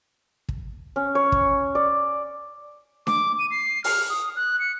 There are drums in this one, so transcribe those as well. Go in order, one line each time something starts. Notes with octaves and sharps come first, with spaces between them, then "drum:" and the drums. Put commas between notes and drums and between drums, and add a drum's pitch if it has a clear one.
drum: kick
C#4
C#5
drum: kick
D5
D6, drum: snare D4
D#7
C7
F6, drum: open hi-hat
D#6
F#6
C#7